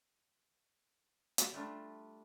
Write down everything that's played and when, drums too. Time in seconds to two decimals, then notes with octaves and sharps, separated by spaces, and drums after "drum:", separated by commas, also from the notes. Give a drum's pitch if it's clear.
1.38 drum: hi-hat
1.52 G3 A3 D4 F4